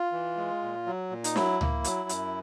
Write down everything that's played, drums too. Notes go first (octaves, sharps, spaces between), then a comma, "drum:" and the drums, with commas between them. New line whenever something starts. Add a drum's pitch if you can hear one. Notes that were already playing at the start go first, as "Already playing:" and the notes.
Already playing: F4
E3
G#3
A#2
F#3
A#2
D#4, drum: hi-hat
F#3 E4, drum: snare
A#3, drum: tom C#2
F#3, drum: hi-hat
F#2, drum: hi-hat